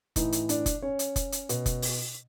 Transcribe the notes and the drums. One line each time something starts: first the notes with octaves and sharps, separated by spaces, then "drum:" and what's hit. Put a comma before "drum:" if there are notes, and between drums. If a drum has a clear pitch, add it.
A2 E3 D#4 D#5, drum: kick F1, hi-hat
drum: hi-hat
D4 D5, drum: hi-hat
drum: kick F1, hi-hat
C#4 C#5
drum: hi-hat
drum: kick F1, hi-hat
drum: hi-hat
B2, drum: hi-hat
drum: kick F1, hi-hat
drum: open hi-hat